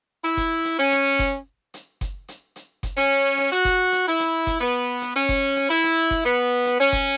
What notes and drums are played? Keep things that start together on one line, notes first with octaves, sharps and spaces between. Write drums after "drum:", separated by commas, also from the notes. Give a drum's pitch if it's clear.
E4
drum: kick F#1, hi-hat
drum: hi-hat
C#4
drum: hi-hat
drum: kick F#1, hi-hat
drum: hi-hat
drum: kick F#1, hi-hat
drum: hi-hat
drum: hi-hat
drum: kick F#1, hi-hat
C#4
drum: hi-hat
F#4
drum: kick F#1, hi-hat
drum: hi-hat
E4
drum: hi-hat
drum: kick F#1, hi-hat
B3
drum: hi-hat
C#4
drum: kick F#1, hi-hat
drum: hi-hat
E4
drum: hi-hat
drum: kick F#1, hi-hat
B3
drum: hi-hat
C#4
drum: kick F#1, hi-hat